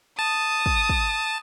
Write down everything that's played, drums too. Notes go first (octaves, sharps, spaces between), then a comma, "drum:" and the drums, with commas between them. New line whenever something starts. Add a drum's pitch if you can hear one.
A5 D#6
drum: kick
drum: kick